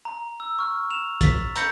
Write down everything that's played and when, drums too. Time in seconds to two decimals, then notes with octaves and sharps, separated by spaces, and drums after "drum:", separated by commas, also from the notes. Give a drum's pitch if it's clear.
0.05 A#5
0.40 E6
0.59 C#6 F6
0.91 E7 F7
1.21 A6 B6, drum: kick, hi-hat
1.56 A#5 B5 G6 A#6 C#7, drum: hi-hat